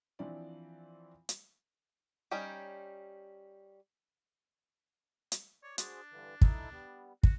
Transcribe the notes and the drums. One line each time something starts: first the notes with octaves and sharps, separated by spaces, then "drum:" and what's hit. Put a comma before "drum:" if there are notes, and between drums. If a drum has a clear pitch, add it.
E3 F3 C4 D4 E4 D5
drum: hi-hat
G3 C#4 D#4 G4
drum: hi-hat
C#5 D5
D4 F#4 G#4 C5, drum: hi-hat
G2 D3 E3
D#4 E4 A4, drum: kick
G3 B3
F#4, drum: kick